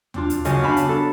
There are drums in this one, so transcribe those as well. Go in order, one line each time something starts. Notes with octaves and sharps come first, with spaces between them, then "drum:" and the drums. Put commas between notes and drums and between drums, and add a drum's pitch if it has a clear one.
C4 D4 F4, drum: tom D#2
drum: hi-hat
F#2 C#3 D#5 F5, drum: hi-hat
B3 D4 F5 A5 B5
drum: hi-hat
D4 A4